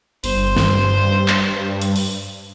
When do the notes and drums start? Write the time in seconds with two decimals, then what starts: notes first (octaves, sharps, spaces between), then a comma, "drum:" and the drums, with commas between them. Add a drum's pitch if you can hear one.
0.24 G1 C5, drum: open hi-hat
0.56 G2, drum: snare
1.28 drum: clap
1.81 drum: hi-hat
1.96 drum: open hi-hat